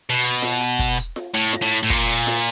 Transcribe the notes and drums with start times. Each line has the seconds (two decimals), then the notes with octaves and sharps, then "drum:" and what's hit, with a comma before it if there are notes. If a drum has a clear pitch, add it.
0.10 B2
0.24 drum: hi-hat
0.42 drum: snare F4
0.61 drum: hi-hat
0.79 drum: kick, hi-hat
0.98 drum: hi-hat
1.16 drum: snare F4
1.34 A2, drum: hi-hat
1.53 drum: snare F4
1.62 A2
1.71 drum: hi-hat
1.83 A2
1.90 A#2, drum: kick, hi-hat
2.08 drum: hi-hat
2.27 drum: snare F4